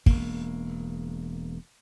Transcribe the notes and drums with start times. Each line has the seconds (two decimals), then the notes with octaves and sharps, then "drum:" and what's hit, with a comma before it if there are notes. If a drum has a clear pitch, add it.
0.06 E1 A#3, drum: kick